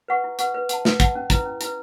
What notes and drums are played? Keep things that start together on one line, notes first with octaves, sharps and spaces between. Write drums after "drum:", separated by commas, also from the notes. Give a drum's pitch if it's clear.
B4 F#5 C#6
E4
B4 F#5 C#6, drum: hi-hat
B4
F#5 A5, drum: hi-hat
B4, drum: snare
F#5 A5, drum: kick, hi-hat
C#4
E4 B4, drum: kick, hi-hat
C#4
E4 B4, drum: hi-hat